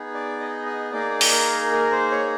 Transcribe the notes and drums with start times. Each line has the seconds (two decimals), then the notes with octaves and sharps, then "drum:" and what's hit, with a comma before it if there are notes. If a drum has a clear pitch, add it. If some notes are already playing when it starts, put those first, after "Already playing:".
Already playing: B3 D#4 G#4
0.14 D5
0.40 D#5
0.66 D#5
0.92 A#3 D#4 G#4 D5
1.21 drum: open hi-hat
1.32 A#4
1.72 A#4
1.91 C5
2.12 C#5